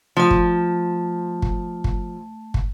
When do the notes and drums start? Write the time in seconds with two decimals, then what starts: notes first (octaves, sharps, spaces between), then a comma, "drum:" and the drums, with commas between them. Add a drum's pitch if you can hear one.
0.17 F3 A3 A5
0.31 drum: kick
1.42 drum: kick
1.84 drum: kick
2.54 drum: kick